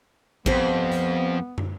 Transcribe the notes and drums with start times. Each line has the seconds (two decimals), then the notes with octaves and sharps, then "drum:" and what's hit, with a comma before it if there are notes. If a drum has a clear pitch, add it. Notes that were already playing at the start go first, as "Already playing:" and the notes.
0.46 F2 G3 B3 C5, drum: kick A1
0.92 drum: hi-hat
1.58 drum: tom